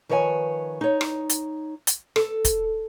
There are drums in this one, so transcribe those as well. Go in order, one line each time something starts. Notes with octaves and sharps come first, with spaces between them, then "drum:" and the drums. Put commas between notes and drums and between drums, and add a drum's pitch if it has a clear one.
D#3 F3 B4 C#5 D#5 G#5
D#4 C#5
drum: rim click
drum: hi-hat
drum: hi-hat
A4, drum: rim click
drum: kick, hi-hat